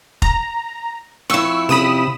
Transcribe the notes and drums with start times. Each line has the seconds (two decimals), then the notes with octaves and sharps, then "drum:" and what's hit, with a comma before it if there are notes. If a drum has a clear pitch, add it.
0.22 A#5, drum: kick F1
1.30 F2 E4 C#6 E6
1.69 C3 B5 D#6 E7, drum: snare C#4